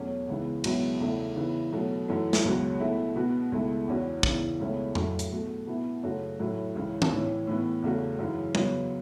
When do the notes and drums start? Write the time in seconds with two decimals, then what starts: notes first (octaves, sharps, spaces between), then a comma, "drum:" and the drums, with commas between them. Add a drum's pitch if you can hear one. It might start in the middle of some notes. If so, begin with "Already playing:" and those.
Already playing: E2 B2 F#3 A3 C#4
0.28 C#2 C#3 E3 B3
0.64 C#2 B2 F#3 B3 E4, drum: cymbal
1.00 E2 C#3 A3 E4
1.36 C#3 E3 B3 E4
1.73 B2 F#3 A3
2.08 F#2 E3 A3
2.33 drum: snare
2.44 C#2 B2 F#3 C#4 F#4
2.80 B2 A3 E4
3.16 B2 B3 F#4
3.52 C#2 B2 A3 E4
3.88 E2 E3 C#4 F#4
4.23 E2 C#3 E3, drum: kick
4.60 C#2 B2 A3 C#4 E4
4.95 A2 F#3 A3 E4, drum: tom F2
5.19 drum: hi-hat
5.31 B2 A3 F#4
5.67 B2 B3 E4
6.03 F#2 C#3 A3 C#4 F#4
6.39 A2 F#3 A3 E4
6.75 C#2 C#3 E3
7.02 drum: tom D#3
7.11 A2 E3 C#4
7.47 A2 E3 B3
7.82 E2 C#3 A3 F#4
8.19 F#2 C#3 E3
8.55 C#3 F#3 B3, drum: tom G3